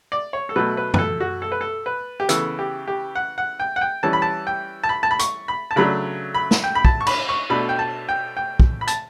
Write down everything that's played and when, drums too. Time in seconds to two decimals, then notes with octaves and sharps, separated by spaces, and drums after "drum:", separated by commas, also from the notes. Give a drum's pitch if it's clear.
0.12 D5
0.33 C#5
0.49 A4
0.56 B2 F#3 A3 B4
0.77 B4
0.94 B4, drum: tom F#2
0.99 A4
1.20 F#4
1.42 A4
1.52 B4
1.61 A4
1.86 B4
2.20 G4
2.29 C#3 E3 B3 A4, drum: hi-hat
2.59 G4
2.88 G4
3.15 F#5
3.38 F#5
3.60 G5
3.76 F#5
3.81 G5
4.03 E3 G3 C#4 A5
4.13 B5
4.22 A5
4.47 G5
4.84 A5
4.89 B5
5.03 A5
5.11 B5
5.19 C#6, drum: hi-hat
5.48 B5
5.71 A5
5.76 C#3 F#3 A3 D4 B5
6.35 B5
6.51 drum: snare
6.64 G5
6.75 B5
6.85 A5, drum: kick
7.01 C#6
7.07 B5, drum: cymbal
7.29 C#6
7.50 B2 A3 D4 B5
7.69 G5
7.79 A5
8.09 G5
8.37 G5
8.60 drum: kick
8.81 B5
8.87 A5, drum: hi-hat